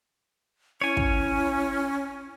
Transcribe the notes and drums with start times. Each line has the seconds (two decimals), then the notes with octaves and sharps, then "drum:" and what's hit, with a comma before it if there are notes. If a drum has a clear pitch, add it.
0.81 C#4 E4 C#5 G#5
0.97 drum: kick